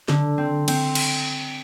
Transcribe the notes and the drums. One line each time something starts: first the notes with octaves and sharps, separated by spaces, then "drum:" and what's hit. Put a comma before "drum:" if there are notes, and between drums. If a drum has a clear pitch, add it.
D3, drum: snare
C4
C4, drum: cymbal
drum: cymbal